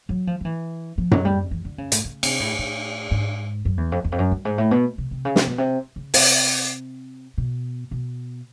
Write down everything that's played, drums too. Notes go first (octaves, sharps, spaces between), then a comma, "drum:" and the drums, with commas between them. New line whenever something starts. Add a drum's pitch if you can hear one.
F#3
F3
F3
E3
F3
F#3, drum: tom F#2
G3
E3
D3
C#3
A2, drum: hi-hat
C#3
C3, drum: cymbal
A2
A2
G#2
F#2
E2
F2
E2
F2
F#2
G2
G#2
A2
B2
C3
C3
C#3
C3, drum: snare
B2
C3
C#3
C3, drum: open hi-hat
B2
B2